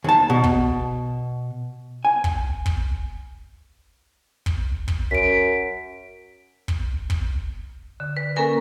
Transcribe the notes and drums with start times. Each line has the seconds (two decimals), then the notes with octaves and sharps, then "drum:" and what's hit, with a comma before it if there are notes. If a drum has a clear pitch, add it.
0.04 D#2 A5
0.30 B2
0.44 drum: kick
2.05 G#5
2.24 drum: kick
2.66 drum: kick
4.46 drum: kick
4.88 drum: kick
5.11 F#2 B6 D7
6.68 drum: kick
7.10 drum: kick
8.00 D3
8.17 B4
8.36 A#3 C#4 A4 A#4 G#5